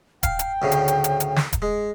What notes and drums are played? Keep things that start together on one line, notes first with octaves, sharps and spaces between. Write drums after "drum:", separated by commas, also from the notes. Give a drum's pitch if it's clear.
F5 G5, drum: kick D#1, hi-hat
drum: hi-hat
D2 A2 C#3
drum: hi-hat
drum: hi-hat
drum: hi-hat
drum: hi-hat
drum: snare
drum: kick D#1, hi-hat
G#3